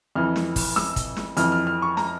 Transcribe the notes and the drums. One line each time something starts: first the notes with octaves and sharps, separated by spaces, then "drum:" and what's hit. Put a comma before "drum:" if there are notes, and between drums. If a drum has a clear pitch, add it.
F2 E3 F6
drum: snare
drum: kick, open hi-hat
E6, drum: snare
drum: kick, hi-hat
drum: snare
F2 E3 F6, drum: hi-hat
F6
F6
C#6
A#5, drum: snare